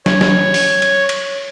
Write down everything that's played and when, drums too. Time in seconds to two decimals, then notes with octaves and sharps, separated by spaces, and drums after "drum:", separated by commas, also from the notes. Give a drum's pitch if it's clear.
0.06 C#5, drum: snare
0.21 drum: snare
0.54 drum: open hi-hat
0.82 drum: cymbal
1.09 drum: cymbal